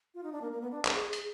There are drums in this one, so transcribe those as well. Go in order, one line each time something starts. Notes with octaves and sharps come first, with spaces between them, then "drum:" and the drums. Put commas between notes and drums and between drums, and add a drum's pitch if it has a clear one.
F4
D#4
D4
A#3
A#3
B3
D4
G#4, drum: clap
G#4
G#4, drum: hi-hat